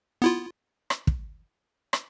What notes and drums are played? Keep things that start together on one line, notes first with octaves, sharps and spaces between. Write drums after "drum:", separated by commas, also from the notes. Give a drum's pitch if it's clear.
B3 E4 F4
drum: rim click
drum: kick
drum: rim click